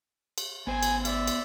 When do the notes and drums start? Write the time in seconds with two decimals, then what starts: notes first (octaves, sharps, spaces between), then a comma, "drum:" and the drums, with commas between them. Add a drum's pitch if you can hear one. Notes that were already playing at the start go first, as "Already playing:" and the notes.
0.38 drum: cymbal
0.67 G#1 B3 C5 G#5
0.83 drum: cymbal
1.05 D5 E5, drum: cymbal
1.27 drum: cymbal